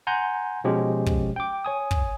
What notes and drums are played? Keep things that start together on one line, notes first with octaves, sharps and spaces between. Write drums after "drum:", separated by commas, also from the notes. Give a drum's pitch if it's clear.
F#5 G#5 A#5 C6 G6
B2 F3 G#3 C#4 G4
drum: kick
G5 D6
C#5 G#5 D#6
drum: kick